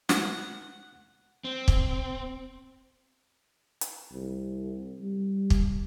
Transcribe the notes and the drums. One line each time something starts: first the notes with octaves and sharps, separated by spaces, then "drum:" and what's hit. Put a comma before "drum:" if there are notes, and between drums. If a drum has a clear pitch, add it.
F#5, drum: snare
C4
drum: kick
drum: hi-hat
C2
G3
drum: kick